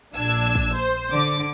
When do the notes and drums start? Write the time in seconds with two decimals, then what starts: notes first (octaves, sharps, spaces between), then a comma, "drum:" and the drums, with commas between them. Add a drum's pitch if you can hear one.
0.15 A#1 D4 E6 G#6
0.55 drum: kick
0.74 C5
1.10 D3 D6